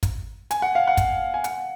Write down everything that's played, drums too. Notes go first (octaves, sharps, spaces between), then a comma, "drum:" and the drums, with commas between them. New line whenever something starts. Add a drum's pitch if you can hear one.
drum: kick, hi-hat
G#5, drum: hi-hat
F#5
F5
F#5
drum: kick, hi-hat
G#5
F#5, drum: hi-hat